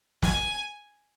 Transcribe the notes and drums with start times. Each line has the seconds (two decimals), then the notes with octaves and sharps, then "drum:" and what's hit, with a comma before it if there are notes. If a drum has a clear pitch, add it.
0.23 G#5, drum: snare